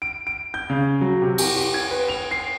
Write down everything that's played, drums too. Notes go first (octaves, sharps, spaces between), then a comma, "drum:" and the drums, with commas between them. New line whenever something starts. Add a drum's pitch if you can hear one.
D7
D7
G6
C#3
F#3
C3
G4, drum: cymbal
G4
G#6
B4
F7
C7